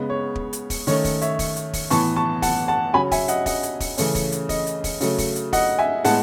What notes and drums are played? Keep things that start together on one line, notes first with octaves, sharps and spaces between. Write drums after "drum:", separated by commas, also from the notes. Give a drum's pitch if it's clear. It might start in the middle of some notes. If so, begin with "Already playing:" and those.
Already playing: C#3 G#3 B3
C#5
drum: kick
drum: hi-hat
drum: kick, open hi-hat
D#3 A3 C#4 C#5, drum: open hi-hat
drum: kick, open hi-hat
C#5 E5, drum: hi-hat
drum: kick, open hi-hat
drum: hi-hat
drum: kick, open hi-hat
A2 E3 B3 A5 C#6, drum: open hi-hat
A5 C#6
F#5 A5, drum: kick, open hi-hat
F#5 A5
C#3 F#3 C#4 G#5 B5
E5 G#5, drum: kick, open hi-hat
D#5 F#5, drum: hi-hat
D#5 F#5, drum: kick, open hi-hat
drum: hi-hat
drum: kick, open hi-hat
C#3 E3 A3 C#4, drum: open hi-hat
drum: kick, open hi-hat
drum: hi-hat
D#5, drum: kick, open hi-hat
drum: hi-hat
drum: kick, open hi-hat
C#3 F#3 A3, drum: open hi-hat
drum: kick, open hi-hat
drum: hi-hat
D#5 F#5, drum: kick, open hi-hat
E5 G#5
A2 G#3 B3 F#5 A5, drum: open hi-hat